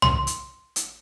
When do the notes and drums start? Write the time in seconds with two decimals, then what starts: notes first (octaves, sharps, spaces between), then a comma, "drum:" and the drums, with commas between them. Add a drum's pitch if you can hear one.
0.02 C6, drum: tom
0.27 drum: hi-hat
0.76 drum: hi-hat